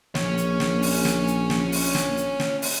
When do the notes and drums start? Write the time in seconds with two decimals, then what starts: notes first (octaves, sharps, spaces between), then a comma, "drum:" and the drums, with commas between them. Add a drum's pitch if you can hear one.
0.15 A#1 C#4 C#5, drum: snare
0.37 drum: hi-hat
0.60 drum: snare
0.82 drum: open hi-hat
1.05 drum: snare
1.27 drum: hi-hat
1.50 drum: snare
1.72 drum: open hi-hat
1.95 drum: snare
2.17 drum: hi-hat
2.40 drum: snare
2.62 drum: open hi-hat